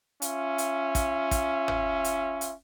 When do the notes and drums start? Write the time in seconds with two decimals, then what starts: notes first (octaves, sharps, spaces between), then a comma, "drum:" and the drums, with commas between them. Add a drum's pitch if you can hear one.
0.22 C#4 F4 E5, drum: hi-hat
0.58 drum: hi-hat
0.95 drum: kick, hi-hat
1.31 drum: kick, hi-hat
1.68 drum: tom
2.04 drum: hi-hat
2.41 drum: hi-hat